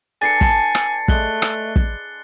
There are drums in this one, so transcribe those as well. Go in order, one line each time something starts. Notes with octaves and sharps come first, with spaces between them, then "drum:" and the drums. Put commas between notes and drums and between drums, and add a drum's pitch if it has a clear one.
D4 A4 B4 G#5 A6 C7 C#7
drum: kick
drum: rim click
G#3 A3 D5 F#6 G7, drum: kick
drum: rim click
drum: kick